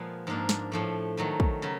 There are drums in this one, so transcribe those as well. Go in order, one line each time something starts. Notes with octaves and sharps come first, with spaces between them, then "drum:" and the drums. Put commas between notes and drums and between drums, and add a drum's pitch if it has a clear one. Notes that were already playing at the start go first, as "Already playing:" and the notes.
Already playing: A#2 F3 G#3 B3
G#2 F3 A#3 D4
drum: snare
A2 F3 A3
D#3 F#3 A3
drum: kick
C#3 F#3